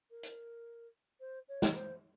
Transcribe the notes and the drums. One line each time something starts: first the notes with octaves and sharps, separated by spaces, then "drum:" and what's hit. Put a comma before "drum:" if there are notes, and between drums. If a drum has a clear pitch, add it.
A#4
drum: hi-hat
C5
C#5
drum: snare
C5